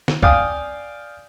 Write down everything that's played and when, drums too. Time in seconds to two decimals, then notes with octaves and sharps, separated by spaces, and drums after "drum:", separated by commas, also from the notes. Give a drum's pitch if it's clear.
0.08 drum: snare
0.23 D5 F5 G5 G#5 D#6, drum: kick